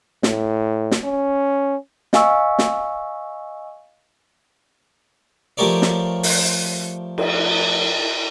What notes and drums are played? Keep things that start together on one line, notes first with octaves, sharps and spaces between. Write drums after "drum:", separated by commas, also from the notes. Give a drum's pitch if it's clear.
A2, drum: snare
drum: snare
C#4
D#5 F5 G#5 C#6 E6, drum: snare
drum: snare
F3 A3 G4 A#4 C#5 D5
drum: snare
drum: open hi-hat
drum: cymbal